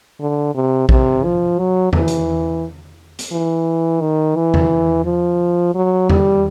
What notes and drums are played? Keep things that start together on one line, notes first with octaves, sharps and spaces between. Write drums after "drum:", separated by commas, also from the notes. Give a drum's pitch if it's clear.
D3
C3
C3, drum: kick A#1
F3
F#3
E3, drum: tom E2
drum: hi-hat
drum: hi-hat
E3
D#3
E3
drum: tom E2
F3
F#3
G3, drum: tom E2